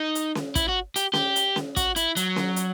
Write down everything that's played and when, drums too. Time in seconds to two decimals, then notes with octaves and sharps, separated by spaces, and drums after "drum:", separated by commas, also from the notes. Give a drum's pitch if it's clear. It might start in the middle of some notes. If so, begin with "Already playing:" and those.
Already playing: D#4
0.15 drum: hi-hat
0.35 drum: snare C#4
0.55 E4, drum: kick, hi-hat
0.69 F#4
0.96 G4, drum: hi-hat
1.13 G4, drum: snare C#4
1.36 drum: hi-hat
1.56 drum: snare C#4
1.76 F#4, drum: kick, hi-hat
1.96 E4, drum: hi-hat
2.16 F#3, drum: hi-hat
2.36 drum: snare C#4
2.56 drum: hi-hat